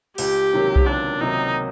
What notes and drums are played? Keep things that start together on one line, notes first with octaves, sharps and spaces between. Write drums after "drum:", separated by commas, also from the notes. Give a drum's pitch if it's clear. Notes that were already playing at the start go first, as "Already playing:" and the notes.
C#2 G4, drum: open hi-hat
C3 D#3 F#3 A#3
drum: kick B1
C#2 D4
C3 D#3 F#3 A#3 D#4